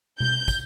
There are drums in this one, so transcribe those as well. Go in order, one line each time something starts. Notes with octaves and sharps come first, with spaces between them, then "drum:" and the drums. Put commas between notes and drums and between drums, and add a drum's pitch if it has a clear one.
G6, drum: tom B2
drum: kick, tambourine